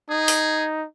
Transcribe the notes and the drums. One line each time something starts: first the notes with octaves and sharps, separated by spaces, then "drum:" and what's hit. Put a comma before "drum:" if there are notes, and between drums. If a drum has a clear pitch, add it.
D#4 G#4
drum: open hi-hat